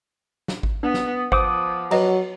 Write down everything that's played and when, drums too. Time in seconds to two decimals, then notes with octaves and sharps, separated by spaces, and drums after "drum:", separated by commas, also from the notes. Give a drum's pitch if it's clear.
0.48 drum: snare
0.63 drum: kick
0.83 B3 D4
0.94 drum: snare
1.32 F3 C5 F#5 D6 D#6, drum: kick
1.91 F#3 B4 D#5 A#5, drum: cymbal